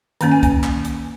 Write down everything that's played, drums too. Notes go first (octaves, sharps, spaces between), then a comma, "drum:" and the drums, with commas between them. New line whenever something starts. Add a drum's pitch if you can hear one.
D#3 A#3 C#4 A#5, drum: hi-hat
G#5
G#5, drum: kick C2, hi-hat
drum: clap
drum: hi-hat